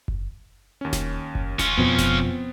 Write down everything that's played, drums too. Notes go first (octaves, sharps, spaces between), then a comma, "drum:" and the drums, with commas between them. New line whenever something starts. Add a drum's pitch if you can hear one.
drum: kick F#1
D#2 C#4
drum: snare E1
drum: kick F#1
C#4 F4, drum: snare E1
F2 B2 F3 B3 C4
drum: snare E1